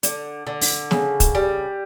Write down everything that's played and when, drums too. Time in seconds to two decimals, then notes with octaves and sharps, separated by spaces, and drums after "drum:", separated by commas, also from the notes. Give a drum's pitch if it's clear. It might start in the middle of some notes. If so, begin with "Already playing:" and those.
0.03 D3, drum: hi-hat
0.47 D3
0.61 drum: open hi-hat
0.91 C#3, drum: snare
1.20 drum: kick, hi-hat
1.35 G3